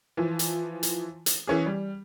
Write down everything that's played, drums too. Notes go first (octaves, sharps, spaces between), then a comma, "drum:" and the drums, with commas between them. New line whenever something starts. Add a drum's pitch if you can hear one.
E3 F3
drum: hi-hat
drum: hi-hat
drum: hi-hat
E3 C#4 G#4
G3